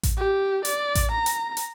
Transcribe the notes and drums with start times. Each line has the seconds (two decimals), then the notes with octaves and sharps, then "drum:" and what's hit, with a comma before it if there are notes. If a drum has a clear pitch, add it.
0.03 drum: kick A1, hi-hat
0.17 G4
0.65 D5, drum: hi-hat
0.95 drum: kick A1, hi-hat
1.11 A#5
1.26 drum: hi-hat
1.57 drum: hi-hat